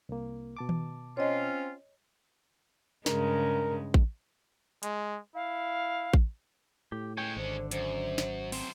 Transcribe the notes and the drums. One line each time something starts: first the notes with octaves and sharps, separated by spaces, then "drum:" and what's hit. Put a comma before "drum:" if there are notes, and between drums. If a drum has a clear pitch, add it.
C2 A#3
B2 A5 D6
drum: tom D#3
C4 C#4 F4 C#5 D#5
G2 C#3 G#3 A#4, drum: snare
drum: kick A1
G#3, drum: hi-hat
E4 F5
drum: kick A1
A2 G4
G#3 C#4 C#5 G5
G#1 D3 C5
F#2 C5, drum: hi-hat
drum: snare
F#2 C4 C5, drum: open hi-hat